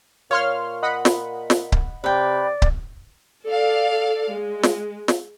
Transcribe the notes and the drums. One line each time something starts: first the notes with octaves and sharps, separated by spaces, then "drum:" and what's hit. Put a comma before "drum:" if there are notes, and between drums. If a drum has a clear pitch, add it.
A#2 C5 C#5 F5 C6 F6
D#5 F#5 B5
drum: snare
drum: snare
drum: kick C#1
C3 B4 D5 G5
drum: kick C#1
A4 D5 F5
G#3
drum: snare
drum: snare